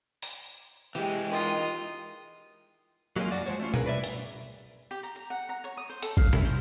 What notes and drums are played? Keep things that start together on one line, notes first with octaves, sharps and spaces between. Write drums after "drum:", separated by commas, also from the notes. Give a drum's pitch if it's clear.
drum: open hi-hat
E3 G#3 G4
D#3 F4 D#6
F#3 G#3 A#3 C4 C#4 F4
F#2 F#4 D5
F3 G#3 C5 C#5
A3 C#4 F4
G#4 A#4 B4, drum: tom B2
B4 D5 E5
drum: hi-hat
G4
A#5
A#5
F#5
A#5
C#5
D#6
C5
A4, drum: hi-hat
F5, drum: kick
E4, drum: tom B2
C5